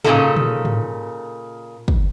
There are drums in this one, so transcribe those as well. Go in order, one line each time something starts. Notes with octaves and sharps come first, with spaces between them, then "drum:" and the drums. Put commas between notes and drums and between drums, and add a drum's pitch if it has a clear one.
A#2 C#3 E3 G#3 D#4 A4, drum: tom G#2
drum: tom A#2
drum: tom G#2
drum: kick